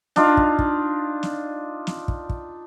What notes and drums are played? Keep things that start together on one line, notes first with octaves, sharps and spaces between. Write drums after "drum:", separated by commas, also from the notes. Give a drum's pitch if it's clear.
D4 D#4 F4, drum: snare
drum: kick
drum: kick
drum: snare
drum: snare
drum: kick
drum: kick